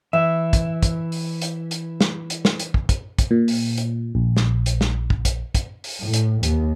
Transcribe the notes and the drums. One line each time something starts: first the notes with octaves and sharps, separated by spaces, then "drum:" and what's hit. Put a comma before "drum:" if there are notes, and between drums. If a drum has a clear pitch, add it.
E3 E5
drum: kick, hi-hat
drum: kick, hi-hat
drum: open hi-hat
drum: hi-hat
drum: hi-hat
drum: snare
drum: hi-hat
drum: snare
drum: hi-hat
drum: kick
drum: kick, hi-hat
drum: kick, hi-hat
A#2
drum: open hi-hat
drum: hi-hat
A#1
drum: snare
drum: hi-hat
drum: snare
drum: kick
drum: kick, hi-hat
drum: kick, hi-hat
drum: open hi-hat
A2
drum: hi-hat
D#2, drum: hi-hat